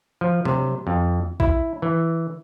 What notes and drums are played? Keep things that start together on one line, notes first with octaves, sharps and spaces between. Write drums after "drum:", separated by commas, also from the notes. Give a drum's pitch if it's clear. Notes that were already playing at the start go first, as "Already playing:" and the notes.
F3
C3, drum: tom F#3
F2
E4, drum: kick A#1
E3